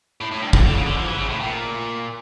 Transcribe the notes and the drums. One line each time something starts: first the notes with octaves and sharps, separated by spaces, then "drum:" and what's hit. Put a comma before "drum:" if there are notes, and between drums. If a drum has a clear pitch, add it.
A2
A2
G2
G2, drum: kick
D3
C#3
D3
F3
E3
C#3
A2
A#2